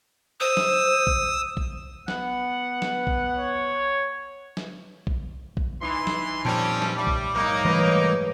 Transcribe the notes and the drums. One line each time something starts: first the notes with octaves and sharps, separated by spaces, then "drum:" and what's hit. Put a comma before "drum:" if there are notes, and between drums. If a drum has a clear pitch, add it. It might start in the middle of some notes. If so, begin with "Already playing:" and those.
C5 D#6 E6
drum: snare
drum: kick A#1
drum: kick A#1
B3 F#5, drum: snare
drum: snare
drum: kick A#1
C#5
drum: snare
drum: kick A#1
drum: kick A#1
E3 D#4 G#5 C6
drum: snare
F2 A#2 G3 C4 C#4 A5
drum: snare
G3 D5 E5 G5 D6
drum: kick A#1
F#1 G#2 A#3 D#4
E3 G3 A3 B4 C#5